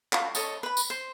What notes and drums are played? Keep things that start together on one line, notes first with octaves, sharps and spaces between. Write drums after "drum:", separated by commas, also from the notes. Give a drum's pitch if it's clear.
F4 F#4, drum: clap
A4 C#5 D#5 A5, drum: tambourine
B4 B5
drum: tambourine
C5